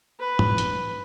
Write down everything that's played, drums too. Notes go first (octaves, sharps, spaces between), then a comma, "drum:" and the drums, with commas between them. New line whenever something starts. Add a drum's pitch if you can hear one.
B4
drum: tom
drum: hi-hat